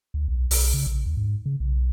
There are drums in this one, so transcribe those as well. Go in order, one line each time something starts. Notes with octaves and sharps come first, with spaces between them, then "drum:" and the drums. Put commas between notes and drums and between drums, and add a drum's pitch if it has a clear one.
D2
B1
B1, drum: open hi-hat
C#3
A#1
D#2
G#2
C#3
B1